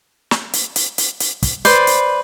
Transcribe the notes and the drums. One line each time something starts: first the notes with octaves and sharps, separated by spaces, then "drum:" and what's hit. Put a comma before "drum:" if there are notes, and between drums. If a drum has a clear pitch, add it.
drum: snare
drum: hi-hat
drum: hi-hat
drum: hi-hat
drum: hi-hat
drum: kick, hi-hat
B4 C5 D5 C6, drum: hi-hat
drum: hi-hat